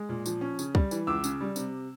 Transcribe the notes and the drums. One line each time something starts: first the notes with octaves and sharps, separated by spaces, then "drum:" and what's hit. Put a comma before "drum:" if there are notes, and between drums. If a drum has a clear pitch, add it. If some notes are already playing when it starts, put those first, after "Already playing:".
Already playing: G#3
A#2
F3, drum: tambourine
C#4
C#3, drum: tambourine
G3, drum: kick
E3, drum: tambourine
C#2 D6 E6
C#3, drum: tambourine
G3
C3, drum: tambourine